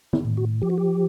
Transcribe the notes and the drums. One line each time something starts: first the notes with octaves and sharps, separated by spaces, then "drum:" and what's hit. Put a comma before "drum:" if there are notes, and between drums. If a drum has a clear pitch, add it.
E4, drum: tom
A2
F#4
F3 G4
F#4
G4